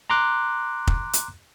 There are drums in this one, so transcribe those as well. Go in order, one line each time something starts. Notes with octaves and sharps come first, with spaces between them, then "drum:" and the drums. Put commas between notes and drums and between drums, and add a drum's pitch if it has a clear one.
A#5 C6 D6 F#6
drum: kick F1
drum: hi-hat